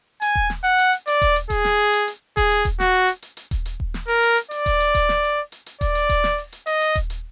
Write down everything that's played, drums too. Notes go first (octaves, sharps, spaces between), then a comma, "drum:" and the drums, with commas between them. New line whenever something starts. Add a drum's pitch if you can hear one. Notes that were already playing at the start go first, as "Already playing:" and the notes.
G#5, drum: hi-hat
drum: kick D#1
drum: snare
F#5, drum: open hi-hat
drum: hi-hat
drum: hi-hat
D5, drum: hi-hat
drum: kick D#1, hi-hat
drum: hi-hat
G#4, drum: kick D#1, hi-hat
drum: snare
drum: hi-hat
drum: hi-hat
G#4, drum: kick D#1, hi-hat
drum: hi-hat
drum: kick D#1, hi-hat
F#4, drum: snare
drum: open hi-hat
drum: hi-hat
drum: hi-hat
drum: hi-hat
drum: kick D#1, hi-hat
drum: hi-hat
drum: kick D#1
drum: snare
A#4, drum: open hi-hat
drum: hi-hat
drum: hi-hat
D5, drum: hi-hat
drum: kick D#1, hi-hat
drum: hi-hat
drum: kick D#1, hi-hat
drum: snare
drum: open hi-hat
drum: hi-hat
drum: hi-hat
D5, drum: kick D#1, hi-hat
drum: hi-hat
drum: kick D#1, hi-hat
drum: snare
drum: open hi-hat
drum: hi-hat
D#5, drum: hi-hat
drum: hi-hat
drum: kick D#1, hi-hat
drum: hi-hat